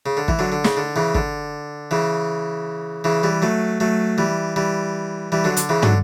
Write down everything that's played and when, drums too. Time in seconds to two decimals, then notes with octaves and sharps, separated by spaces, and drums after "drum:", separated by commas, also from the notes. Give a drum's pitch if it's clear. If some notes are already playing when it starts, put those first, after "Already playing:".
0.06 C#3
0.17 D3
0.28 E3, drum: kick
0.39 D3 F#3
0.52 D3
0.64 C#3, drum: snare
0.77 D3
0.96 C#3 E3
1.15 D3, drum: kick
1.91 C#3 E3
3.04 C#3 E3
3.23 E3 G3
3.42 F#3 A3
3.80 F#3 A3
4.18 E3 G3
4.56 E3 G3
5.32 E3 G3
5.44 D3 F#3
5.57 D3, drum: hi-hat
5.69 C#3 E3
5.83 D3 F#3, drum: tom